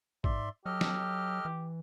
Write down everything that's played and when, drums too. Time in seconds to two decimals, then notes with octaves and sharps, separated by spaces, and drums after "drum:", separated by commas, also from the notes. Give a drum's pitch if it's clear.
0.24 G#2 D5 E5 C6, drum: kick A1
0.66 F#3 G4 A4 D#5 F6
0.81 drum: snare
1.45 E3